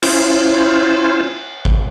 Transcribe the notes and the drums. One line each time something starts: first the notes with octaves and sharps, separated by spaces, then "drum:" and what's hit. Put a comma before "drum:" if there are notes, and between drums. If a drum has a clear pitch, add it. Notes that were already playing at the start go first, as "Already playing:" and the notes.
C#4 E4 F4 C5, drum: cymbal
drum: kick A1